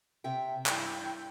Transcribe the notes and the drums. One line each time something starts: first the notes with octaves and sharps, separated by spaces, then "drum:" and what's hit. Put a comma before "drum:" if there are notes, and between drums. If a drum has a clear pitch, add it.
C3 E5 G5
G2 E4 G5, drum: clap